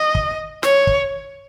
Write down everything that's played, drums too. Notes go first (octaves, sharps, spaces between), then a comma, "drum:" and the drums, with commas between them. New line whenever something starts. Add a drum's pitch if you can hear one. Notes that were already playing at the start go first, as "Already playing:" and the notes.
Already playing: D#5
drum: kick
C#5, drum: snare
drum: kick